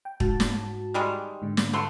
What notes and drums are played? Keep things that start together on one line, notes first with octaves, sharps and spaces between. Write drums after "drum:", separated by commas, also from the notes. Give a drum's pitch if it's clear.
G5
G#2 F#4 A5, drum: kick
drum: snare
D#3 G3 G#3
G#2 D3
drum: snare
A3 B3 C6